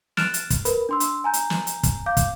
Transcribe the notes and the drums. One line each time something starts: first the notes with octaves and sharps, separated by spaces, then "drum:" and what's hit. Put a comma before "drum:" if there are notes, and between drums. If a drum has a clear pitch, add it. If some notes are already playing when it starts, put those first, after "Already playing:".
F6 F#6 A6 D7 E7 F7, drum: snare
drum: hi-hat
drum: kick, hi-hat
A#4 B4 B5, drum: hi-hat
D4 C6 E6
drum: hi-hat
G#5 A#5 G6
drum: hi-hat
drum: snare
drum: hi-hat
drum: kick, hi-hat
F5 D6 G6
drum: kick, hi-hat